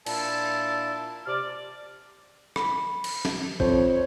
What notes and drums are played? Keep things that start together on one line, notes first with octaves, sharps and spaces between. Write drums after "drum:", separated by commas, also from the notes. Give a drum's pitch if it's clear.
A#2 D4 E4 A5, drum: cymbal
C3 D5 F6
B5, drum: rim click
drum: cymbal
drum: snare
F2 C5 C#5, drum: kick